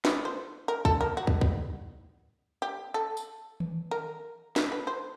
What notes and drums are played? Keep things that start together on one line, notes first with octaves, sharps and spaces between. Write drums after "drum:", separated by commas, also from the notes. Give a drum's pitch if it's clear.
B4, drum: snare
C5
A#4
A4, drum: kick
A#4
F#4
drum: kick
drum: kick
G4
A4
drum: tambourine
drum: tom D#3
A#4
B4, drum: snare
B4
C5